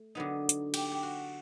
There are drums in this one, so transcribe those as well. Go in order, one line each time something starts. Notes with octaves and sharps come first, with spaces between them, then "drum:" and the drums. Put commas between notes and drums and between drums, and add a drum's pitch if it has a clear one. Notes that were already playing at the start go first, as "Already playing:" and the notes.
Already playing: A3
D3 F#3 B3 D#4
drum: hi-hat
G4, drum: cymbal
G4
F#4